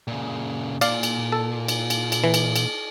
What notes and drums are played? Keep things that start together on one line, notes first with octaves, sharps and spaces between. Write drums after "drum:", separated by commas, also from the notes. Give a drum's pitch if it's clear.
A#2 C#3
A#2 D5 F5, drum: cymbal
drum: cymbal
A4
drum: cymbal
drum: cymbal
drum: cymbal
E3
drum: cymbal
drum: cymbal